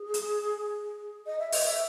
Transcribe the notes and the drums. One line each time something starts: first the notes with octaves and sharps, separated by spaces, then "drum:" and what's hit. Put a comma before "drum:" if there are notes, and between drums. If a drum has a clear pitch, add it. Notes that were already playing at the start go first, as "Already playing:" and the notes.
Already playing: G#4
drum: hi-hat
D#5
E5
D#5, drum: open hi-hat
E5